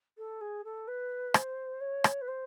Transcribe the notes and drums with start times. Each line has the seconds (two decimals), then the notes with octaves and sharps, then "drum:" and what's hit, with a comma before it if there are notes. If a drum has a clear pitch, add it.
0.17 A4
0.41 G#4
0.64 A4
0.87 B4
1.34 C5, drum: rim click
1.80 C#5
2.04 drum: rim click
2.21 B4
2.27 C5